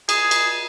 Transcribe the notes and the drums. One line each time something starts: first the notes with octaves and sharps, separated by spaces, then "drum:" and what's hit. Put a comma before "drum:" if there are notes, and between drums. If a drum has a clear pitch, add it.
G#4, drum: cymbal
drum: cymbal